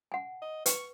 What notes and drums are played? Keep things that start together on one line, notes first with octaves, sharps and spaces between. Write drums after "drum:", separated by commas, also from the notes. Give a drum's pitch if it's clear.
F#5 G#5
D#5
B4 C#6, drum: hi-hat